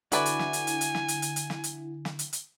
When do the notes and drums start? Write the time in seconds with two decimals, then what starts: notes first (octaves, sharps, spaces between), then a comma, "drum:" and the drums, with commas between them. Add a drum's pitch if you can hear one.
0.12 D3 E4 F#4 B4 D5 G#5, drum: hi-hat
0.26 drum: hi-hat
0.39 drum: snare
0.53 drum: hi-hat
0.67 drum: hi-hat
0.81 drum: hi-hat
0.95 drum: snare
1.08 drum: hi-hat
1.22 drum: hi-hat
1.36 drum: hi-hat
1.50 drum: snare
1.64 drum: hi-hat
2.05 drum: snare
2.19 drum: hi-hat
2.33 drum: hi-hat